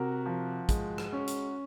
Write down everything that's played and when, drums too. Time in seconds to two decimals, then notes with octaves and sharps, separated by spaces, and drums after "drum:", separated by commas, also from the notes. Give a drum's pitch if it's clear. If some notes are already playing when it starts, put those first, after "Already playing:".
Already playing: C3 F#4 A#4
0.26 F3
0.69 G#3, drum: kick, hi-hat
0.98 drum: rim click
1.13 C#4
1.28 drum: hi-hat